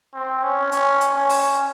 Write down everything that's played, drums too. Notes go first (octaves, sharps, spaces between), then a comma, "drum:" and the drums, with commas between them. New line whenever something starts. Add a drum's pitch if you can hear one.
C4
C#4
C#4, drum: hi-hat
drum: hi-hat
C#4
drum: open hi-hat